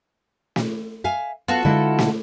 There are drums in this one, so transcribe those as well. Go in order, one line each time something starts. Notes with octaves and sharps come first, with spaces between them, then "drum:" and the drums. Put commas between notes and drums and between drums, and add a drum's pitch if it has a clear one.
drum: snare
E5 F5 G#5
B3 F4 F#4 A4
D3 G#3 E4 D#5 E5
drum: snare